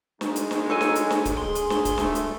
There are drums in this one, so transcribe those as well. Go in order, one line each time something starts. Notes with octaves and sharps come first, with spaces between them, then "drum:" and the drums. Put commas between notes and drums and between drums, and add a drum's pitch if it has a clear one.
G#3 D#4, drum: snare
drum: hi-hat
drum: snare
A4 C#5 G#5
drum: snare
drum: hi-hat
drum: snare
drum: kick C#1, hi-hat
G#4 C6
drum: hi-hat
drum: snare
drum: kick C#1, hi-hat
A3, drum: snare
drum: hi-hat